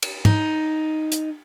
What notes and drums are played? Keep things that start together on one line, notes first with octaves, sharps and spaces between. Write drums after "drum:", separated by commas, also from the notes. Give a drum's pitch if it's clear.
drum: cymbal
D#4, drum: tom
drum: hi-hat